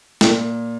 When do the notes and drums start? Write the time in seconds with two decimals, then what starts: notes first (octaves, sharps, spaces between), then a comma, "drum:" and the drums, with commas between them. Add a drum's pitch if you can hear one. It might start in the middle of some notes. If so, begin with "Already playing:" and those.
0.21 A#2, drum: snare